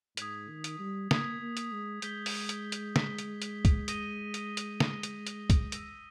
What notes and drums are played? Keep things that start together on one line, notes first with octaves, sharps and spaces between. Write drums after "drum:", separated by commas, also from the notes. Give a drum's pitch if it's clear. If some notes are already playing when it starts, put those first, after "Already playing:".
G#2 D#6 G#6 B6, drum: hi-hat
D#3
drum: hi-hat
G3
A#3 D#6 G#6 B6, drum: snare
A#3
drum: hi-hat
G#3
G#3 G6 B6 G7, drum: hi-hat
drum: open hi-hat
drum: hi-hat
drum: hi-hat
G6 B6 G7, drum: snare
drum: hi-hat
drum: hi-hat
drum: kick, hi-hat
D#6 A#6 D#7 G7, drum: hi-hat
drum: hi-hat
drum: hi-hat
D#6 A#6 D#7 G7, drum: snare
drum: hi-hat
drum: hi-hat
drum: kick, hi-hat
E6 A#6 D#7, drum: hi-hat